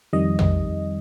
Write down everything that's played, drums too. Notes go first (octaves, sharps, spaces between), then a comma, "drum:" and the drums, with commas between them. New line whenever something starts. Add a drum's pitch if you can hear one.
F2 D#3 G3 D#5
drum: tom